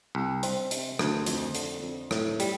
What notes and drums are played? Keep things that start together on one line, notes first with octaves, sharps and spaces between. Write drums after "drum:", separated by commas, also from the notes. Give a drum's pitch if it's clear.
C2
C4, drum: hi-hat
C3, drum: hi-hat
D2, drum: rim click
F2, drum: hi-hat
D3, drum: hi-hat
F2
A2, drum: rim click
G3, drum: hi-hat